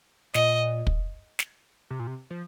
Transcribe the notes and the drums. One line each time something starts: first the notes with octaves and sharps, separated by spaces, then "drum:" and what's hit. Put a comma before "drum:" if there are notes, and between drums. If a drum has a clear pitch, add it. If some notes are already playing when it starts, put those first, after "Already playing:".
A#2 D#5, drum: snare
drum: kick
drum: snare
C3
A#2
C3
F3